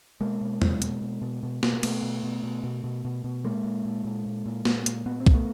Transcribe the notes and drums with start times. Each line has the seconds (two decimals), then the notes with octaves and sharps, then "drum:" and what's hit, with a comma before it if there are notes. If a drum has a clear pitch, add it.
0.21 B2 G#3 A#3
0.41 B2
0.62 B2, drum: tom
0.82 B2, drum: hi-hat
1.02 B2
1.22 B2
1.43 B2
1.63 B2, drum: snare
1.74 A#3
1.83 B2 A3 B3, drum: cymbal
2.03 B2
2.23 B2
2.43 B2
2.63 B2
2.84 B2
3.05 B2
3.24 B2
3.44 A#2 G#3 A#3
3.64 A#2
3.85 A#2
4.04 A#2
4.26 A#2
4.46 A#2
4.65 A#2, drum: snare
4.86 A#2, drum: hi-hat
5.06 A#2 B3
5.20 C4
5.26 A#2, drum: kick
5.34 A3 B3